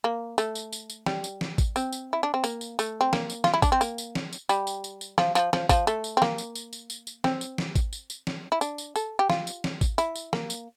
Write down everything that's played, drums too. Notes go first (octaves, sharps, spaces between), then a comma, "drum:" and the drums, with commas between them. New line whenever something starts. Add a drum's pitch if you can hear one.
A#3
A3, drum: tambourine
drum: tambourine
drum: tambourine
drum: tambourine
G3, drum: snare
drum: tambourine
drum: snare
drum: kick G#1, tambourine
C4, drum: tambourine
drum: tambourine
E4
D4
C4
A#3, drum: tambourine
drum: tambourine
A3, drum: tambourine
C4
A#3, drum: snare
drum: tambourine
F4, drum: snare
E4
D4, drum: kick G#1, tambourine
C4
A#3, drum: tambourine
drum: tambourine
drum: snare
drum: tambourine
G3, drum: tambourine
drum: tambourine
drum: tambourine
drum: tambourine
F3, drum: snare
F3, drum: tambourine
F3, drum: snare
F3, drum: kick G#1, tambourine
A3, drum: tambourine
drum: tambourine
C4
A#3, drum: snare
drum: tambourine
drum: tambourine
drum: tambourine
drum: tambourine
drum: tambourine
C4, drum: snare
drum: tambourine
drum: snare
drum: kick G#1, tambourine
drum: tambourine
drum: tambourine
drum: snare
E4
D4, drum: tambourine
drum: tambourine
A4, drum: tambourine
G4
F4, drum: snare
drum: tambourine
drum: snare
drum: kick G#1, tambourine
E4, drum: tambourine
drum: tambourine
A#3, drum: snare
drum: tambourine